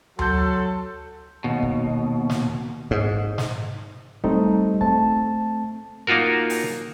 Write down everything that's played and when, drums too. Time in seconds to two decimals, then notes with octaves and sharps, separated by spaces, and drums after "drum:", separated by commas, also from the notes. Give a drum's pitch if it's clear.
0.19 F#3 A4 C6 G6, drum: tom D2
1.44 D#2 B2
1.63 drum: kick
2.30 drum: snare
2.91 G#2, drum: kick
3.38 drum: snare
4.24 G3 A3 C4 D#4 A4, drum: kick
4.81 A3 C4 A5, drum: kick
6.07 A#3 D#4 F4 F#4 A#4
6.50 drum: open hi-hat